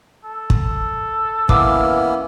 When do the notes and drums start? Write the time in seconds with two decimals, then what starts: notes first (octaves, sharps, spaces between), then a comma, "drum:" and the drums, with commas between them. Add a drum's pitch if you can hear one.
0.24 A4
0.50 drum: kick
1.49 E3 A#3 B3 C#4 D6 E6, drum: kick